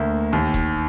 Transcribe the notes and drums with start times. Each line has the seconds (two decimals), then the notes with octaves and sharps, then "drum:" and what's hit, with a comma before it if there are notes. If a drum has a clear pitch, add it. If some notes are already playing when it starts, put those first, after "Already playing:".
Already playing: D2 A#3
0.33 D#2
0.54 drum: kick E1